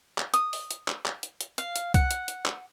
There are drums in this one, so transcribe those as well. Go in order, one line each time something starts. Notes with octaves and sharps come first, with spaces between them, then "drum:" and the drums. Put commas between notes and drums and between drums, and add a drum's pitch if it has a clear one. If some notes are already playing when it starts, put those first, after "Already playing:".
drum: clap
D#6, drum: hi-hat
drum: open hi-hat
drum: hi-hat
drum: clap
drum: clap
drum: hi-hat
drum: hi-hat
F5, drum: hi-hat
drum: hi-hat
F#5, drum: kick C2, hi-hat
drum: hi-hat
drum: hi-hat
drum: clap